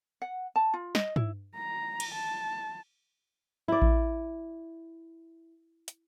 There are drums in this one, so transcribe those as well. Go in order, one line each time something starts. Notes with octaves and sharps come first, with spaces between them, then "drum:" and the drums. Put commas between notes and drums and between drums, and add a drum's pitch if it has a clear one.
F#5
A5
F4
D#5, drum: snare
E4, drum: tom
A#5
drum: cymbal
A5
E4 D5
drum: kick A1
drum: hi-hat